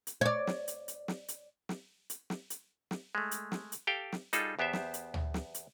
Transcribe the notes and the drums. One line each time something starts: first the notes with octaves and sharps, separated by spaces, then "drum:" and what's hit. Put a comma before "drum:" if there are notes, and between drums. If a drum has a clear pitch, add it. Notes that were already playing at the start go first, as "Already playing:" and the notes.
drum: hi-hat
C#5 D5
drum: snare
drum: hi-hat
drum: hi-hat
drum: snare
drum: hi-hat
drum: snare
drum: hi-hat
drum: snare
drum: hi-hat
drum: snare
G#3 A3
drum: hi-hat
drum: snare
drum: hi-hat
G4 A4 F5 G5
drum: snare
G3 D#4 F4 G#4 A4, drum: hi-hat
E2 B3 G4 C5 E5
drum: snare
drum: hi-hat
drum: tom
drum: snare
drum: hi-hat